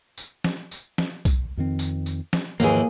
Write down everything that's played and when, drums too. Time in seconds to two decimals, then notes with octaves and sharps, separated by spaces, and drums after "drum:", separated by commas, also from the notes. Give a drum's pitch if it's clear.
0.18 drum: tambourine
0.44 drum: snare
0.71 drum: tambourine
0.98 drum: snare
1.25 drum: kick B1, tambourine
1.57 F2 D#3 C4
1.79 drum: tambourine
2.06 drum: tambourine
2.33 drum: snare
2.60 D#2 G#2 E3 F3 A#3 G#4, drum: tambourine